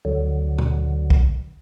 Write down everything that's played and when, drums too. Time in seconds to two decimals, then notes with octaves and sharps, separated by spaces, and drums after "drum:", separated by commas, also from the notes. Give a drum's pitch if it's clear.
0.05 D2 D3 F#3
0.58 drum: tom A#2
1.10 drum: kick B1